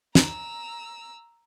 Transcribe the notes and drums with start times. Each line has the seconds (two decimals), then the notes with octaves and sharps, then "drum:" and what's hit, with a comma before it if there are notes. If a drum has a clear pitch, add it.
0.15 A#5 E6, drum: snare